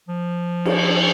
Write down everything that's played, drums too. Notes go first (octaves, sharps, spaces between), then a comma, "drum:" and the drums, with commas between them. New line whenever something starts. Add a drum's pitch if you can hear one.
F3
drum: cymbal